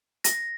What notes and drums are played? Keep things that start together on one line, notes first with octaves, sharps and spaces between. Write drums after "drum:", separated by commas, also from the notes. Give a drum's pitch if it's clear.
A#6, drum: hi-hat